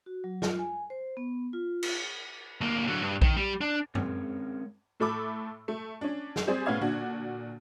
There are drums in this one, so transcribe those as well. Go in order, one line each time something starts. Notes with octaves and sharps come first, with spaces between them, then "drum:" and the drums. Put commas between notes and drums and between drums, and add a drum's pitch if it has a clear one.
F#4
F#3
F4, drum: snare
G#5
C5
B3
F4
drum: cymbal
D2 A#3
D3 F#3
G2
D#3, drum: kick A#1
G3
D4
G#3 C4 C#4 A#4 C#5, drum: tom G2
A2 A3 A4 B5 D6 E6
A3
C#4 D4
drum: snare
G3 C4 G#4 C5 D5
A2 B3 C#4 F5 G#6
A#2 D3 D4 F#4